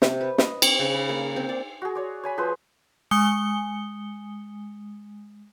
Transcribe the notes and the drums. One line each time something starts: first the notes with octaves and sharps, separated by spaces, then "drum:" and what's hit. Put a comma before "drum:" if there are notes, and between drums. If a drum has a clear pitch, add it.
C3, drum: snare
B4
D#5, drum: snare
C4, drum: cymbal
C#3
B5
A#3
C4
D5
F#4 G#4
C#5 D5
C#5 G#5 B5
F3 G#4 B4 C5
G#3 G#5 D#6 C#7 G7